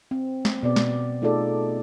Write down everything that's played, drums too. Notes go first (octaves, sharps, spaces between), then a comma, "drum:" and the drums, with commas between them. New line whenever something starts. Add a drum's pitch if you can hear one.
C4
drum: snare
B2 B3 D5
drum: snare
A3 D#4 F4 G#4 A4 D5